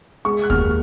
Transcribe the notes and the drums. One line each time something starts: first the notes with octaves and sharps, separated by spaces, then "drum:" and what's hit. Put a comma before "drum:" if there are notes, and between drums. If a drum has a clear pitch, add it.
G#3 C#6
F#6
D#2 F6, drum: kick